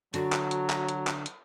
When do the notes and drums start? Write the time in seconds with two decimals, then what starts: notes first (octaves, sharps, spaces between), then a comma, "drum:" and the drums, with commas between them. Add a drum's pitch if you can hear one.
0.14 D3 F#3 D4 F#4, drum: hi-hat
0.32 drum: clap
0.51 drum: hi-hat
0.70 drum: clap
0.89 drum: hi-hat
1.07 drum: clap
1.26 drum: hi-hat